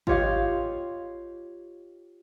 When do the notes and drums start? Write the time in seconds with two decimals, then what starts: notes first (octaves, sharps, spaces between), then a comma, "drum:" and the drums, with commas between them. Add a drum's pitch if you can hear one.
0.07 F4 G4 C#5 D#5 F5, drum: kick G#1